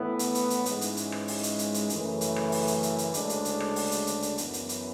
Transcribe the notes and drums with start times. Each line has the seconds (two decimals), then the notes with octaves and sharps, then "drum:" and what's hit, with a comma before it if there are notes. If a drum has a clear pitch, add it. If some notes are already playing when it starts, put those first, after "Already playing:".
Already playing: A2 E3 B3 E4
0.19 drum: hi-hat
0.35 drum: hi-hat
0.50 drum: hi-hat
0.66 G#2 E3 G#3 C#4, drum: hi-hat
0.81 drum: hi-hat
0.97 drum: hi-hat
1.12 drum: rim click
1.28 drum: open hi-hat
1.43 drum: hi-hat
1.59 drum: hi-hat
1.74 drum: hi-hat
1.90 F#2 C#3 E3 A3, drum: hi-hat
2.21 drum: hi-hat
2.36 drum: rim click
2.52 drum: open hi-hat
2.67 drum: hi-hat
2.83 drum: hi-hat
2.98 drum: hi-hat
3.14 D2 C#3 G#3 D4, drum: hi-hat
3.29 drum: hi-hat
3.45 drum: hi-hat
3.60 drum: rim click
3.76 drum: open hi-hat
3.91 drum: hi-hat
4.07 drum: hi-hat
4.22 drum: hi-hat
4.38 F#2 E3 B3, drum: hi-hat
4.53 drum: hi-hat
4.69 drum: hi-hat